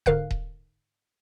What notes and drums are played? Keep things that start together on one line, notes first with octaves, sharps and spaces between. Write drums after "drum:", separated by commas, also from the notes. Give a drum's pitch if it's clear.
G#2 D3 A#4 F5 F#6, drum: kick D#1
drum: kick D#1